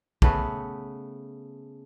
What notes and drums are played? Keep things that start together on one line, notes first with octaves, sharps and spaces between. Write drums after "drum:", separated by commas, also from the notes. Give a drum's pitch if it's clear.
C#3 A3 B3, drum: kick